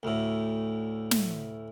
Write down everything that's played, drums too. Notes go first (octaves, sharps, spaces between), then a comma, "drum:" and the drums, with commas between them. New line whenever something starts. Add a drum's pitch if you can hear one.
D2 A2
drum: snare